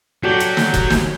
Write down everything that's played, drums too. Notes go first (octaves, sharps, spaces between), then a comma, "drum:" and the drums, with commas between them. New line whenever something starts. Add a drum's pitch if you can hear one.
F#3 F#4 G4 A4 D5 G6
drum: hi-hat
drum: snare
drum: kick F1, hi-hat
drum: snare